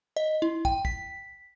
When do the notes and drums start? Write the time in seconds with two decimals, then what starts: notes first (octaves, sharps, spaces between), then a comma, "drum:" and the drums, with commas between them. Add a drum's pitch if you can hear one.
0.16 D#5
0.42 E4
0.65 G5, drum: kick
0.85 B6, drum: kick